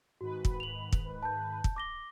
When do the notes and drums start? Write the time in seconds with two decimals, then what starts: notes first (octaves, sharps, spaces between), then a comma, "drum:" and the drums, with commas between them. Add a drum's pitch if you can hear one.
0.21 G#2 D#3 F#4 B4
0.45 drum: kick
0.60 F7 F#7
0.92 drum: kick
1.22 A5 G6
1.64 drum: kick
1.76 D6 A#6 G7